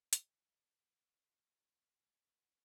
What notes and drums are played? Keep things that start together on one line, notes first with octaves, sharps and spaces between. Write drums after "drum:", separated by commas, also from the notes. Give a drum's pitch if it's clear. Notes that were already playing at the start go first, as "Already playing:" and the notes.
D#4 C#5, drum: hi-hat
A#4 C#6 A#6